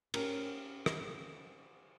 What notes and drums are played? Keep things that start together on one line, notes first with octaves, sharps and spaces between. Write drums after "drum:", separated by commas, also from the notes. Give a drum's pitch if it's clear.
C#4 G4 A#4, drum: cymbal
drum: rim click